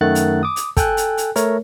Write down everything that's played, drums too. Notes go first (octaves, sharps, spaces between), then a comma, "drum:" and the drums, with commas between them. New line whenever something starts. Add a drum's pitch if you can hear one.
F#2 D#3 A3 F#5 F#6 A6
drum: hi-hat
D6 D#6
drum: hi-hat
A4 G5 G#5 F#6, drum: kick, hi-hat
drum: hi-hat
drum: hi-hat
A3 A#4 C#5, drum: hi-hat